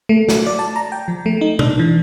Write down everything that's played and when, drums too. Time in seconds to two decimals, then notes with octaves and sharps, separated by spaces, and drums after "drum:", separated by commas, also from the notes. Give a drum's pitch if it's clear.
0.09 A3
0.29 F#4, drum: snare
0.47 D5
0.59 A5
0.76 A#5
0.92 G5
1.08 F3
1.26 A3
1.41 D#4
1.59 D4, drum: tom B2
1.79 E3